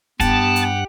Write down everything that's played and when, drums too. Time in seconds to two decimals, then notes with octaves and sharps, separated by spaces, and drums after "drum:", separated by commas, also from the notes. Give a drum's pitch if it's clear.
0.20 G2 B3 G4 F#5 A5, drum: kick, hi-hat
0.56 drum: hi-hat